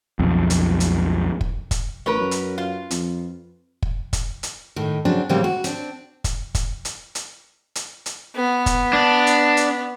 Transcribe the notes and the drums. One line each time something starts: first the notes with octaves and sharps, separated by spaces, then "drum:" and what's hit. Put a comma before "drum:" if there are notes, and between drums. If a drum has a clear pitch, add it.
B1 F2
drum: hi-hat
drum: hi-hat
drum: kick
drum: kick, hi-hat
A1 C#4 A#4 B4
F#2
drum: hi-hat
F4
F2, drum: hi-hat
drum: kick
drum: kick, hi-hat
drum: hi-hat
A2 D#3
C#3 F#3 C4 D4
A2 C#3 E3 G3 A#3 C4
F#4
C4 D4, drum: hi-hat
drum: kick, hi-hat
drum: kick, hi-hat
drum: hi-hat
drum: hi-hat
drum: hi-hat
drum: hi-hat
B3
drum: kick, hi-hat
D4
drum: hi-hat
drum: hi-hat